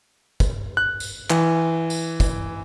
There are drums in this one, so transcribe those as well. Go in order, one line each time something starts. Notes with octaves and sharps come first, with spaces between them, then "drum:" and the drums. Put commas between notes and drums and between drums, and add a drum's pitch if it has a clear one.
drum: kick, tambourine
F#6
drum: tambourine
E3, drum: clap
drum: tambourine
drum: kick, tambourine